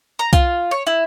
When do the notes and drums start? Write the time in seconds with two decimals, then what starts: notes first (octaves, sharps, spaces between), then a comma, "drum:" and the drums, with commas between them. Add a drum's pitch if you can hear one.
0.19 A#5
0.33 F4, drum: kick B1, hi-hat
0.71 C#5
0.87 E4